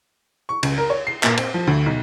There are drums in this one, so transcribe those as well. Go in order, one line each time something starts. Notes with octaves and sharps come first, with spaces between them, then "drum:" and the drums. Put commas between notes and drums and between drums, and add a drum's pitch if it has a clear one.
C#6
C#2, drum: cymbal
A#4
C#5
C7
A#2, drum: clap
C4, drum: cymbal
F3
D2
B1